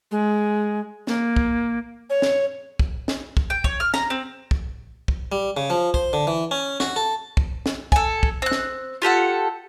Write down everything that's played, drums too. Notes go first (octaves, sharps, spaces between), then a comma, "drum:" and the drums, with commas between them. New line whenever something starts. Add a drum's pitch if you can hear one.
G#3
A#3, drum: snare
drum: kick
C#5
drum: snare
drum: kick
drum: snare
drum: kick
G5
C#5, drum: kick
F6
A#5, drum: snare
C4
drum: kick
drum: kick
G3
C#3
F3
C5, drum: kick
D3
E3
C#4
F#4, drum: snare
A4
drum: kick
drum: snare
A4 G#5, drum: kick
drum: kick
C4 F#6
drum: snare
F4 G4 A4 F#5